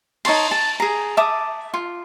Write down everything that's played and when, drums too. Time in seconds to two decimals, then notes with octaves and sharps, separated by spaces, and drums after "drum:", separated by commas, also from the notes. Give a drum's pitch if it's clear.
0.25 D#4 C#5 A5 C6, drum: cymbal
0.51 A5
0.80 G#4 A#5
1.17 E5 A5 D6 D#6
1.74 F4